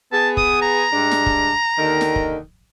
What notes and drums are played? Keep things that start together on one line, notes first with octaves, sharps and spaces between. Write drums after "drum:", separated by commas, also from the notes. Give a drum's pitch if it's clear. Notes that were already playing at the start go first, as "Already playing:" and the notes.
B3 G#4 A5
D#6, drum: kick
A#5
G2 G#3 D4
drum: snare
drum: kick
D#2 D3 D#3
drum: snare
drum: kick